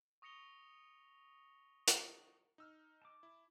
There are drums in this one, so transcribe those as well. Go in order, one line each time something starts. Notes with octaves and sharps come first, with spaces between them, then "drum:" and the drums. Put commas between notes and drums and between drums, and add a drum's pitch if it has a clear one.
C#6 D#6 A#6 C#7 F7 G7
drum: hi-hat
D#4 E6 F6
A5 D6
E4